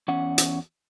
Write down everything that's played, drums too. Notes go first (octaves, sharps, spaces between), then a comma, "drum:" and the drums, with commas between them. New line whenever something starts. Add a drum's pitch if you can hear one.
E2 C#4 F#5
drum: hi-hat